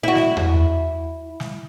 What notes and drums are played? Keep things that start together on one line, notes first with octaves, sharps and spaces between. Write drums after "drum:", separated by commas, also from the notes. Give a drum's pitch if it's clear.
E4 F#4
drum: snare
drum: tom E2
drum: snare